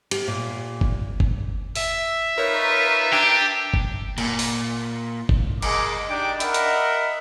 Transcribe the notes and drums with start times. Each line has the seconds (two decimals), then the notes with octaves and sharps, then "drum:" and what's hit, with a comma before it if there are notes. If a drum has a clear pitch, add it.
0.11 G4, drum: cymbal
0.28 A#2
0.81 drum: kick G1
1.20 drum: kick G1
1.76 E5, drum: open hi-hat
2.38 D#4 F4 A#4 B4 C#5
3.12 D4 G4 A#5 E6 G#6
3.74 drum: kick G1
4.18 A#2, drum: cymbal
4.39 drum: open hi-hat
5.29 drum: kick G1
5.62 G#3 A#4 D#5 D6, drum: cymbal
6.09 D4 D#4 G4 G5 D6
6.40 A#4 D#5 E5 F#5 B5, drum: hi-hat
6.54 drum: hi-hat